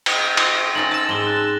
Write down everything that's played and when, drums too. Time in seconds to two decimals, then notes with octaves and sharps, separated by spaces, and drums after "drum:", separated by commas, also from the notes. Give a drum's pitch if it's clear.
0.06 G5 A#6, drum: cymbal
0.37 drum: cymbal
0.75 C4 C#4 D#4 A6 A#6 F#7
0.91 A5 E6
1.09 G#2 F#7 G7
1.27 F#6